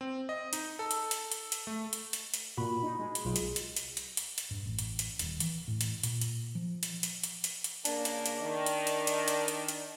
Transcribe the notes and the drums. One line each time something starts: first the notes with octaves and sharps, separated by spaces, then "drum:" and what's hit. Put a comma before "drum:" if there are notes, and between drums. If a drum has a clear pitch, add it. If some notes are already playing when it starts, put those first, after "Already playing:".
C4
D#5
D#4, drum: hi-hat
A4
drum: hi-hat
drum: hi-hat
drum: hi-hat
drum: hi-hat
A3
drum: hi-hat
drum: hi-hat
drum: hi-hat
A#2 F#4 B5
D#4
G#3
drum: hi-hat
B1 F4
drum: hi-hat
drum: hi-hat
drum: hi-hat
drum: hi-hat
drum: hi-hat
drum: hi-hat
G2
A1
drum: hi-hat
drum: hi-hat
D#1, drum: hi-hat
E3, drum: hi-hat
A2
drum: hi-hat
A#2, drum: hi-hat
drum: hi-hat
F3
drum: hi-hat
drum: hi-hat
drum: hi-hat
drum: hi-hat
drum: hi-hat
C#3 A#3 D4, drum: hi-hat
drum: hi-hat
drum: hi-hat
D#3
drum: hi-hat
drum: hi-hat
drum: hi-hat
drum: hi-hat
drum: hi-hat
drum: hi-hat